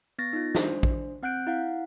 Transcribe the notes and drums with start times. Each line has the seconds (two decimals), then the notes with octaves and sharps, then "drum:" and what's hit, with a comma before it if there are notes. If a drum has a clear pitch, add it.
0.18 B3 A6 A#6
0.33 D#4 F4
0.55 D4 C5, drum: snare
0.83 drum: kick
1.23 C4 F#5 F#6 G6 D7
1.47 E4 F5 F#5